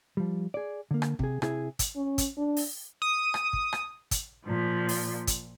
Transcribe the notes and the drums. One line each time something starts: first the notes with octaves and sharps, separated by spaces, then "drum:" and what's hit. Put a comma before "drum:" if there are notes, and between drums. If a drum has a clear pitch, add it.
F3 G3
G#4 D5
D3 A#3
drum: rim click
C3 G#4, drum: kick
C3 E4 G#4, drum: rim click
drum: kick, hi-hat
C#4
drum: kick, hi-hat
D4
drum: open hi-hat
D#6
drum: rim click
drum: kick
drum: rim click
drum: kick, hi-hat
A#2 F3
drum: open hi-hat
drum: kick, hi-hat